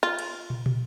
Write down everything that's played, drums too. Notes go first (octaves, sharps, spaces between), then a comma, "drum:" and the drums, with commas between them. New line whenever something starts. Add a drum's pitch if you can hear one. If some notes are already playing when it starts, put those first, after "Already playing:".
F4
drum: cymbal
drum: tom
drum: tom